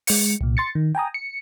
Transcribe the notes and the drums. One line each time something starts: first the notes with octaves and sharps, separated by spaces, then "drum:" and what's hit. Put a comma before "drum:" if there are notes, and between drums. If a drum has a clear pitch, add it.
G#3 C#7, drum: open hi-hat
C2 A#2
C6 A6 C#7
D#3
G5 G#5 A#5 D#6
C#7